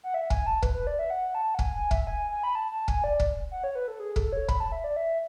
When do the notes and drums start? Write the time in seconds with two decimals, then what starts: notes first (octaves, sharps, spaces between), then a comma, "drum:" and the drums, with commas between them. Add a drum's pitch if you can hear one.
0.03 F#5
0.14 E5
0.30 G#5, drum: kick
0.47 A5
0.62 B4, drum: kick
0.74 B4
0.87 D5
0.99 E5
1.10 F#5
1.35 A5
1.55 F#5
1.59 G#5, drum: kick
1.75 G#5
1.91 E5, drum: kick
2.07 G#5
2.31 G#5
2.43 B5
2.55 A5
2.71 A5
2.88 G#5, drum: kick
3.04 D5
3.20 drum: kick
3.51 F#5
3.64 C#5
3.75 B4
3.88 A4
4.00 G#4
4.16 A4, drum: kick
4.33 C#5
4.49 B5, drum: kick
4.60 A5
4.72 E5
4.84 D5
4.96 E5